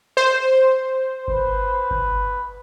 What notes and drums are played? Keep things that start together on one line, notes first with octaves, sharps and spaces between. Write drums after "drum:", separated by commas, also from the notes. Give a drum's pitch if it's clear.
C5
B4, drum: kick G1
drum: kick G1